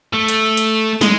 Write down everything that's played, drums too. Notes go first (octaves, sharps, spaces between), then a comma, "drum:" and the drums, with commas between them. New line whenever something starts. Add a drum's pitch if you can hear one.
A3
drum: hi-hat
drum: hi-hat
G#3, drum: snare